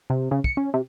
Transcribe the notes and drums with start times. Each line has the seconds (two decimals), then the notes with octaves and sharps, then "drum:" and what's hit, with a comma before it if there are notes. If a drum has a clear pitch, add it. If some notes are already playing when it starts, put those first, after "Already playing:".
0.10 C3
0.31 C#3
0.44 C#7, drum: kick
0.57 C#4
0.74 C3